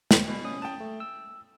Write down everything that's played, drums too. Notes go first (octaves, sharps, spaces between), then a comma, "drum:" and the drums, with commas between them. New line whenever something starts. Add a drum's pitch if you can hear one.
drum: snare
D2 B2
C#4 D#6
G5 A5
A3
E6